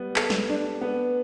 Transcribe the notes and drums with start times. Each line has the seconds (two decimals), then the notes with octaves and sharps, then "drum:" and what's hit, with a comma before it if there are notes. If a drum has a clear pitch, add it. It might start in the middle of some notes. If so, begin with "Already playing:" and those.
Already playing: G3 B3
0.16 A4, drum: clap
0.30 drum: snare
0.49 D4
0.81 B3